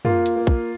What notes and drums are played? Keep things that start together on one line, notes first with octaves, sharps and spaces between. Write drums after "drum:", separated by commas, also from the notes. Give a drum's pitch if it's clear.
A#3 F4, drum: tom
drum: hi-hat
A#3
drum: kick